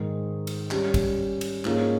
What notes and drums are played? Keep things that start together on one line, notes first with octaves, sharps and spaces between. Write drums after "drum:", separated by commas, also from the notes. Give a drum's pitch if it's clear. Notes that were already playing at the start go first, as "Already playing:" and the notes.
Already playing: G#2 D#3 G#3
drum: cymbal
G3 C#4 G4, drum: clap
drum: kick, cymbal
drum: cymbal
G#2 F3 A#3 C#4 G#4, drum: clap